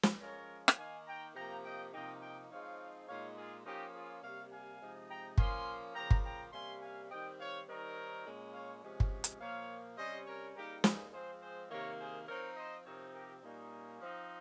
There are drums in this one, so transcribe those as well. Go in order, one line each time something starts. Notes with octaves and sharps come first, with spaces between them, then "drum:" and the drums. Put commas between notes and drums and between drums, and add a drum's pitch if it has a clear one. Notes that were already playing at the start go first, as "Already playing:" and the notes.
drum: snare
F3 G#3 C#4 A#4 C#5
drum: rim click
D#3 A#3 D#4 F5 G#5
G5 A#5
C3 F3 A#3 G5 A#5
D#5 G5
C3 F3 A#3 D#4 D#5 G5
D#5 G5
F3 G#3 C4 D#4 C#5 F5
A#2 G#3 D#4 C#5 F5
F4 G#4
F3 A#3 C#4 D#4 G4
F4 G#4
C3 G3 A#3 C#5 F5
F5 G#5
C3 F3 G#3 D#4
G5 A#5
F3 A#3 C#4 G#5 C6, drum: kick
C#3 F3 A#3 G5 A#5
drum: kick
G5 A#5
C3 G3 A#3 C#4 G#5 C6
F5 G#5
D#3 G3 C4 D#5 G5
C#5 F5
D#3 G3 C4 D#4 A#4 C#5
A#2 G#3 C#4
C#5 F5
C3 F3 G#3 C#4
drum: kick
drum: hi-hat
A#2 F3 A#3 C#5 F5
C3 G3 C#4 C5 D#5
A#4 C#5
C#3 G3 A#3 D#4 G4 A#4
G#4 C5, drum: snare
F3 G#3 C4 G#4 C5
G#4 C5
C3 D#3 A#3 A#4 C#5
G#4 C5
F3 C4 D#4 A#4 C#5
C5 D#5
C3 F3 C4 D#4 A#4 C#5
G4 A#4
A#2 G3 A#3 C#4 D#4
F3 C4 D#4